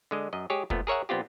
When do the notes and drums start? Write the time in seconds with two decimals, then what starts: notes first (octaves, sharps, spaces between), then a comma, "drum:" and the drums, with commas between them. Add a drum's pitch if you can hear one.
0.11 D3 G#3 D#5
0.33 F#2 D#5
0.50 G#3 G4 G#4 C#5
0.70 A#2 F3 A3 B3, drum: kick
0.87 G#4 A#4 C#5 E5 F#5
1.09 A#1 B3 C4 F4 G4